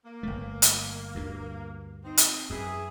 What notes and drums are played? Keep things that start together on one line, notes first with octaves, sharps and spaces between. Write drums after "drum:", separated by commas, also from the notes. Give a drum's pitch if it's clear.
A#3
G1 A3
drum: hi-hat
D2 G2
C4 D#4
drum: hi-hat
F#2 E3 E4 G#4